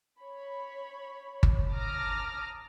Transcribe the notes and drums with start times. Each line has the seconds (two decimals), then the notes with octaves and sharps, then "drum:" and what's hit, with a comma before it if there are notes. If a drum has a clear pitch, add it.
0.20 C#5 B5
1.43 drum: kick G1
1.73 A5 A#5 D6 D#6 F6 A#6